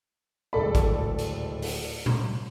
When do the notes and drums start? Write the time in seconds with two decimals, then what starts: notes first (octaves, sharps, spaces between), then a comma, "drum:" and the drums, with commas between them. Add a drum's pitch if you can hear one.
0.53 D1 G#3 A4 D5 B5
0.75 drum: kick, hi-hat
1.19 drum: hi-hat
1.62 drum: open hi-hat
2.06 drum: tom A#2